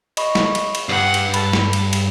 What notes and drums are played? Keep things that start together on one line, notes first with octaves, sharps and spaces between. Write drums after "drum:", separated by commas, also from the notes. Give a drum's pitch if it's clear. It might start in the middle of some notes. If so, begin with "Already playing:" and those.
D#5 B5 C#6, drum: cymbal
drum: snare
drum: cymbal
drum: cymbal
G2 F#5 C7
drum: cymbal
A4 A5 B5, drum: cymbal
drum: snare
drum: cymbal
drum: cymbal